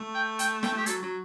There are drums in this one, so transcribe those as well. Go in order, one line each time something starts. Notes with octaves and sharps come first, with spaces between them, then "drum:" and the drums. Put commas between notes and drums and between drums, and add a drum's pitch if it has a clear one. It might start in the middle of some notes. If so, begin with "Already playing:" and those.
Already playing: A3
G5
G5, drum: hi-hat
G5, drum: snare
G4
F#3 A4, drum: hi-hat
F#3